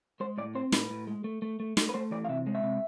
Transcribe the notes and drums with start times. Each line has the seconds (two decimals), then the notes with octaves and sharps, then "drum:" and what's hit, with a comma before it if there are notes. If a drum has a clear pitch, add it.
0.20 G#3 C5
0.38 A2 D5
0.55 C4 C5
0.72 A2 B4, drum: snare
0.90 A2
1.07 G#3
1.24 A3
1.42 A3
1.60 A3
1.77 A3, drum: snare
1.89 B4
1.94 A3 C5
2.11 E3 D5
2.25 F5
2.29 C3 E5
2.47 G#3
2.55 E5
2.63 C3